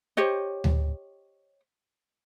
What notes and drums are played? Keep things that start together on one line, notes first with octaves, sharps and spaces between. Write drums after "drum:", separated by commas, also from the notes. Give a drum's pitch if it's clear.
G4 C5 C#5 D#5
drum: tom D2